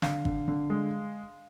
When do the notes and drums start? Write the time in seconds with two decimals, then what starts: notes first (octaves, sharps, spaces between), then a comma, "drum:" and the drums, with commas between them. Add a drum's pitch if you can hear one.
0.02 D3 F5, drum: snare
0.25 D3, drum: kick G1
0.48 D3
0.70 G#3